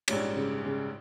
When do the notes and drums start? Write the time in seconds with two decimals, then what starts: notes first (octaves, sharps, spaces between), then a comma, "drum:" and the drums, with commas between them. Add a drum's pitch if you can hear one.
0.08 A#1 G#2 G3 C#4, drum: cymbal
0.36 C#3
0.65 C#3